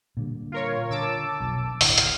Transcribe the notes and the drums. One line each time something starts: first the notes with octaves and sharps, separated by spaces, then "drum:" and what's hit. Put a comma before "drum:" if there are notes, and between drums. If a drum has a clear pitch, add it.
A#2 D3 G3
F4 A#4 C#5
D3 A5 D6 E6
F1 B1
G1 D2 A2 D3, drum: open hi-hat
F6, drum: hi-hat